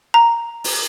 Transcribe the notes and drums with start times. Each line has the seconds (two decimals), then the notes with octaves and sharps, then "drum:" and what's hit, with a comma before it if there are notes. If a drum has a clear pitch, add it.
0.14 A#5
0.64 drum: open hi-hat